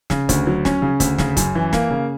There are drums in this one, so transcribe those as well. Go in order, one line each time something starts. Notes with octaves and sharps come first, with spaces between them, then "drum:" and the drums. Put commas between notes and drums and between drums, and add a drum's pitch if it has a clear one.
C#3, drum: snare
D2, drum: kick, hi-hat
F#3
C#4, drum: snare
C#3
D2, drum: kick, hi-hat
C#3, drum: snare
F#2, drum: kick, hi-hat
E3
A#3, drum: snare
C#3